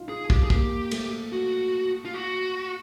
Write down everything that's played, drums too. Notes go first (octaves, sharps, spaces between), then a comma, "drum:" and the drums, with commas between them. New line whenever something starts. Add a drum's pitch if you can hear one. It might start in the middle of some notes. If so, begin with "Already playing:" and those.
Already playing: D#4 F4
G#4
G4, drum: kick
G#4
A#3 G4, drum: kick
A3, drum: cymbal
F#4
F4
F#4